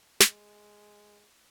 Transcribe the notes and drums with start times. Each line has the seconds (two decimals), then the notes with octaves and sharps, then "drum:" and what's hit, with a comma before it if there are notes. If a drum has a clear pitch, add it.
0.20 G#3, drum: snare